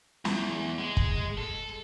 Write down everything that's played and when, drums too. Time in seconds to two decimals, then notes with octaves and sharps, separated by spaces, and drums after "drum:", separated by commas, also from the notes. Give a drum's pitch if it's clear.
0.25 E2, drum: snare
0.79 G#3
0.97 drum: kick
1.38 A4